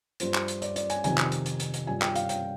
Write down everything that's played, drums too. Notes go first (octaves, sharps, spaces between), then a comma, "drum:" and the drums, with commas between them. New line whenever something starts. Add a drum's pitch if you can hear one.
G2 F3 C5, drum: hi-hat
drum: clap
drum: hi-hat
D5, drum: hi-hat
D5, drum: hi-hat
G#5, drum: hi-hat
F2 C3 D#3 G#5, drum: hi-hat
drum: clap
drum: hi-hat
drum: hi-hat
drum: hi-hat
drum: hi-hat
G2 F3 G#5
G5, drum: clap
F5, drum: hi-hat
G5, drum: hi-hat